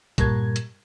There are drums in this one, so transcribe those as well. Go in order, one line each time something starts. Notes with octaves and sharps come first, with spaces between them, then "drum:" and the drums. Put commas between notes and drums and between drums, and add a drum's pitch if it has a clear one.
G2 A#2 G3 A#4 G#6, drum: kick, hi-hat
drum: hi-hat